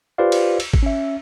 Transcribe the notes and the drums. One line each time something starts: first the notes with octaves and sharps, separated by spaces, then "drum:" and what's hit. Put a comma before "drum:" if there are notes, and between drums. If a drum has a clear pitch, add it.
F4 G4 B4 C5 D5 F5
drum: cymbal
drum: cymbal
drum: kick
C#4 E5